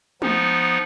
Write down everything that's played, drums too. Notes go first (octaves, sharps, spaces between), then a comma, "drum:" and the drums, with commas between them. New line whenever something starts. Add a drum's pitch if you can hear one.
F3 B3 D#4, drum: tom G#3